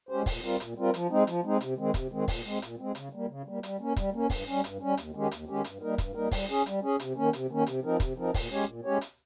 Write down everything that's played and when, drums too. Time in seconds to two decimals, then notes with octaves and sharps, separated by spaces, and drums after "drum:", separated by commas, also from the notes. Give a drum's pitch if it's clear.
0.09 G#3 C#4 G4 C5
0.26 A#2, drum: kick, open hi-hat
0.43 G3 C4 F4 A#4
0.60 A#2, drum: hi-hat
0.77 G3 C4 F4 A#4
0.94 F3, drum: hi-hat
1.10 G#3 C4 D#4
1.27 F3, drum: hi-hat
1.44 G#3 C4 D#4
1.61 C3, drum: hi-hat
1.77 D#3 G#3 C4
1.94 C3, drum: kick, hi-hat
2.12 D#3 G#3 C4
2.28 A#2, drum: kick, open hi-hat
2.45 G#3 C4
2.62 A#2, drum: hi-hat
2.79 G#3 C4
2.95 C#3, drum: hi-hat
3.13 G3 A#3
3.29 C#3
3.46 G3 A#3
3.63 G3, drum: hi-hat
3.79 A#3 C#4
3.96 G3, drum: kick, hi-hat
4.13 A#3 C#4
4.30 G2, drum: kick, open hi-hat
4.47 G3 C#4
4.64 G2, drum: hi-hat
4.81 G3 C#4
4.97 D#2, drum: hi-hat
5.14 D#3 G#3 C#4 G4
5.31 D#2, drum: hi-hat
5.48 D#3 G#3 C#4 G4
5.64 G2, drum: hi-hat
5.82 G3 A#3 D#4 A#4
5.98 G2, drum: kick, hi-hat
6.15 G3 A#3 D#4 A#4
6.31 G3, drum: kick, open hi-hat
6.49 C#4 G#4
6.66 G3, drum: hi-hat
6.82 C#4 G#4
7.00 C3, drum: hi-hat
7.16 D#3 A#3 C#4
7.33 C3, drum: hi-hat
7.50 D#3 A#3 C#4
7.66 C3, drum: hi-hat
7.83 F3 C4 D#4 A#4
8.00 C3, drum: kick, hi-hat
8.17 F3 C4 D#4 A#4
8.34 A#2, drum: kick, open hi-hat
8.51 G#3 C#4 G4 C#5
8.67 A#2
8.84 G#3 C#4 G4 C#5
9.01 drum: hi-hat